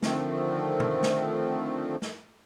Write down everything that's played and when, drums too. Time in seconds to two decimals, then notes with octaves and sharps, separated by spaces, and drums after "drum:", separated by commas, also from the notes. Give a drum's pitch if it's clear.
0.02 D3 D#3 F3 A3 C4, drum: snare
0.80 drum: tom
1.03 drum: snare
2.02 drum: snare